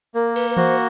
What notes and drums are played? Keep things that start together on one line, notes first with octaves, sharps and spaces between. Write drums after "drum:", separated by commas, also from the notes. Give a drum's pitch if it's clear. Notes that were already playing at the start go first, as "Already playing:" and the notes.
A#3 A#4
B4, drum: cymbal
B4
F#4 C5, drum: tom E3